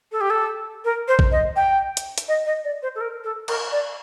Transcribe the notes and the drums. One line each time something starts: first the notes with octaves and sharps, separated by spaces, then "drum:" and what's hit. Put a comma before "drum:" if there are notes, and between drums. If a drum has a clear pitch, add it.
A4
G4
A4
A#4
C5
drum: kick
D#5
G5
drum: hi-hat
drum: hi-hat
D#5
D#5
D5
C5
A4
A#4
A4
A#4, drum: cymbal
D5